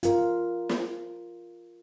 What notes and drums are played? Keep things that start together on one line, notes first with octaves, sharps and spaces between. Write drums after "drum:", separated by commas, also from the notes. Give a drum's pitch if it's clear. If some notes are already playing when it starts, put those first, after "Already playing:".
F4 A#4, drum: hi-hat
drum: snare